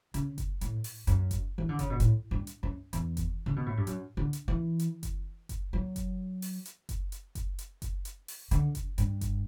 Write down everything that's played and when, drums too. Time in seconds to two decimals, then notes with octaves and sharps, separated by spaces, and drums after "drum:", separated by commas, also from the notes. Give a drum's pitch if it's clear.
0.14 C#3, drum: hi-hat
0.38 drum: kick F#1, hi-hat
0.61 A2, drum: hi-hat
0.84 drum: open hi-hat
1.07 F#2, drum: hi-hat
1.31 drum: kick F#1, hi-hat
1.58 E3
1.69 D3
1.79 C#3, drum: kick F#1, hi-hat
1.90 B2
2.00 A2, drum: hi-hat
2.31 G2
2.47 drum: hi-hat
2.63 F#2
2.93 E2, drum: hi-hat
3.17 drum: kick F#1, hi-hat
3.46 C#3
3.56 B2
3.66 A2
3.77 G2
3.87 F#2, drum: hi-hat
4.17 D3
4.33 drum: hi-hat
4.48 E3
4.79 drum: hi-hat
5.03 drum: kick F#1, hi-hat
5.49 drum: kick F#1, hi-hat
5.73 F#3
5.96 drum: kick F#1, hi-hat
6.42 drum: open hi-hat
6.66 drum: hi-hat
6.89 drum: kick F#1, hi-hat
7.12 drum: hi-hat
7.35 drum: kick F#1, hi-hat
7.59 drum: hi-hat
7.82 drum: kick F#1, hi-hat
8.05 drum: hi-hat
8.28 drum: open hi-hat
8.51 D3, drum: hi-hat
8.75 drum: kick F#1, hi-hat
8.98 G2, drum: hi-hat
9.21 drum: kick F#1, hi-hat